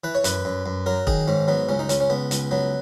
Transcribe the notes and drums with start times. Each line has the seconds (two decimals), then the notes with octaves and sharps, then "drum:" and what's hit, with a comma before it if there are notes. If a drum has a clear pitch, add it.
0.04 E3 B4
0.15 C#5
0.24 F#2 B4, drum: hi-hat
0.45 F#2
0.66 F#2
0.86 F#3 A#4
1.07 D#3 G#4, drum: kick F1
1.28 G#2 C#4
1.48 F#3 B3
1.69 C#2 C#4
1.79 D#4
1.89 C#2 C#4, drum: hi-hat
2.00 C#4
2.10 C#2 B3
2.31 C#2, drum: hi-hat
2.51 F#3 B3